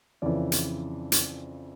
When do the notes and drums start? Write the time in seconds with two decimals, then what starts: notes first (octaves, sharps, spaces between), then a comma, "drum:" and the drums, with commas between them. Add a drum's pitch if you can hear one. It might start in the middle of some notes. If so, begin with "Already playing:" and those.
0.22 F2 C#3 E3 D5
0.52 drum: hi-hat
1.12 drum: hi-hat